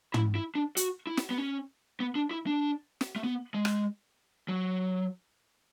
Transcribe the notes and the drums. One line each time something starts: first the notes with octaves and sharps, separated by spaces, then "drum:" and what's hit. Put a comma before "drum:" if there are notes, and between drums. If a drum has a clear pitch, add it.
E4, drum: tom
E4
D4
F#4, drum: hi-hat
E4
drum: snare
B3
C#4
B3
D4
E4
D4
drum: snare
A3
B3
G#3
drum: rim click
F#3